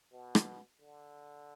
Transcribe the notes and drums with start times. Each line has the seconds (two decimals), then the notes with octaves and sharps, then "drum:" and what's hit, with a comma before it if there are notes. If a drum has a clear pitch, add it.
0.12 B2
0.35 drum: rim click
0.81 D3